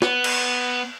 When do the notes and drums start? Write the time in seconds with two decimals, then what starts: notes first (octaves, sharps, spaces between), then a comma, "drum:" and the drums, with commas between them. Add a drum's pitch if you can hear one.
0.02 B3, drum: snare
0.24 drum: cymbal